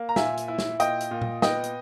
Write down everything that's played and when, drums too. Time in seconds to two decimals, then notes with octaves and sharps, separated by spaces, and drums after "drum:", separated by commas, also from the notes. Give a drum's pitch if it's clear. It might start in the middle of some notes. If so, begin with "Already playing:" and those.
Already playing: A#3
0.09 A#5
0.16 A#2 E5 G#5, drum: snare
0.37 drum: hi-hat
0.48 E4
0.58 drum: snare
0.80 A#2 D#5 G5, drum: hi-hat
1.00 drum: hi-hat
1.11 A#2
1.22 drum: tom
1.42 B3 D#5 G5, drum: snare
1.64 drum: hi-hat